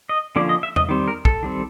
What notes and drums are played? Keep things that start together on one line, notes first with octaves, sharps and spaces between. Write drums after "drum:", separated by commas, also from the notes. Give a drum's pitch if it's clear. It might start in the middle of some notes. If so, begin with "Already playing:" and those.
D#5
D3 F3 A#3 C#4 D5
D#5
E5
D#5, drum: tom E2
D#3 G3 C4
A#4
A4, drum: kick
D#3 G3 C4